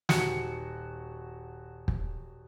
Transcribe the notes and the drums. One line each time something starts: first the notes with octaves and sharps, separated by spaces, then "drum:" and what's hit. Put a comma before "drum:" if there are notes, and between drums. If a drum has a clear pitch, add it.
D#1 F#4 C#7, drum: snare
drum: kick